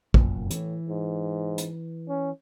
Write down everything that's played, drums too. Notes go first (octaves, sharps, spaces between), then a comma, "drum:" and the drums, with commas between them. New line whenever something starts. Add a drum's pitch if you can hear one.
F1 F#2 A#2, drum: kick
A2 E3, drum: hi-hat
G#2
drum: hi-hat
C#4